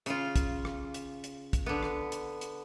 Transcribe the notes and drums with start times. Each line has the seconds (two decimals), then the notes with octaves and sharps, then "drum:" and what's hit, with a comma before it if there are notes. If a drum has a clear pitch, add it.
0.06 C#3 F4, drum: hi-hat
0.36 drum: kick, hi-hat
0.65 drum: rim click
0.94 drum: hi-hat
1.24 drum: hi-hat
1.53 drum: kick, hi-hat
1.66 D3 B3
1.83 drum: rim click
2.12 drum: hi-hat
2.41 drum: hi-hat